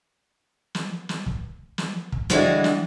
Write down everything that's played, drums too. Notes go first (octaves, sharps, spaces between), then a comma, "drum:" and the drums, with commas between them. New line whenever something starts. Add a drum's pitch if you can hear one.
drum: snare
drum: snare
drum: kick
drum: snare
drum: kick
D3 E3 G3 G#3 D4 F#4, drum: snare
drum: snare